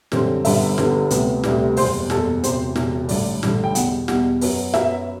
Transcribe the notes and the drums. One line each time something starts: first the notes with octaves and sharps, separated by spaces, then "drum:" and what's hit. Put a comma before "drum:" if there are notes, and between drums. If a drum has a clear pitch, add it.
F#2 D3 G3 C4, drum: snare
G1 G2 D3 G3 B3 E5, drum: open hi-hat
G1 G2 D3 G3 B3, drum: snare
D2 C3 G3 B3, drum: hi-hat
D2 C3 G3 B3 D5, drum: snare
F#1 E2 B2 G3 C5, drum: open hi-hat
F#1 E2 B2 G3 A4, drum: snare
E1 E2 C3 C5, drum: hi-hat
E1 E2 C3, drum: snare
A1 G2 D3 D5, drum: open hi-hat
A1 G2 D3, drum: snare
G5
E2 B2 G3 F#5, drum: hi-hat
E2 B2 G3 F#5, drum: snare
F#2 F#3 B3, drum: open hi-hat
F#2 F#3 B3 E5, drum: snare